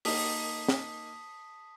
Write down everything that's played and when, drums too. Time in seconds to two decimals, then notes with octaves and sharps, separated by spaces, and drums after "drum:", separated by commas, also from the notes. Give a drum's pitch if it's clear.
0.05 A#3 D#4 A5 D#6 B6, drum: open hi-hat
0.68 drum: snare